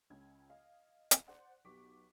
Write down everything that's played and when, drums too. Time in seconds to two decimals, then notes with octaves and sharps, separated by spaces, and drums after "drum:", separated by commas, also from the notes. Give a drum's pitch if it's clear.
0.10 C#2 C#3 G#6
0.50 D#5 F5
1.11 drum: hi-hat
1.27 C5 D5 F#5 C6 F#6
1.65 B1 B3 G4 C#6 D6 B6